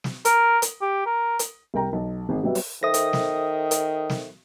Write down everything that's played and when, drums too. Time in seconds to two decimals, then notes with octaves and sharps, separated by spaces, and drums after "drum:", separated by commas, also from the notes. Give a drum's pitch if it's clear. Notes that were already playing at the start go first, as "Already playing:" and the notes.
0.04 drum: snare
0.25 A#4, drum: hi-hat
0.62 drum: hi-hat
0.81 G4
1.06 A#4
1.39 drum: hi-hat
1.74 C2 A#4 G5 A#5
1.93 B1
2.29 G#1 G#4
2.43 F#3 G3 B3 F#4 E5
2.55 drum: open hi-hat
2.83 D#3 A4 C5 E5 D#6 A#6
2.94 drum: hi-hat
3.13 drum: snare
3.71 drum: hi-hat
4.10 drum: snare